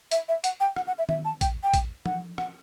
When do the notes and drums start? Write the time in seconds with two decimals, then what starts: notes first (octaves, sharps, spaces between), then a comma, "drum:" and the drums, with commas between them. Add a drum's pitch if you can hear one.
0.11 E5, drum: hi-hat
0.29 E5
0.44 F#5, drum: hi-hat
0.60 G5
0.76 F#5, drum: rim click
0.87 F#5
0.98 E5
1.09 E5, drum: tom D#3
1.25 A5
1.41 G5, drum: kick, hi-hat
1.63 G5
1.74 drum: kick, hi-hat
2.06 F#5, drum: tom F3
2.38 F#5, drum: rim click